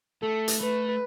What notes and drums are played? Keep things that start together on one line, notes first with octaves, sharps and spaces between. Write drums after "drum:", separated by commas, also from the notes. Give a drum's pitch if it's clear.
A3 A4
drum: hi-hat
A3 B4